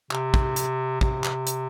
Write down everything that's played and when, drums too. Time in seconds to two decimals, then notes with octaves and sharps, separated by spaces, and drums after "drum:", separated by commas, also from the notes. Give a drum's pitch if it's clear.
0.11 C3, drum: clap
0.34 drum: kick
0.56 drum: hi-hat
1.01 C3, drum: kick
1.24 drum: clap
1.47 drum: hi-hat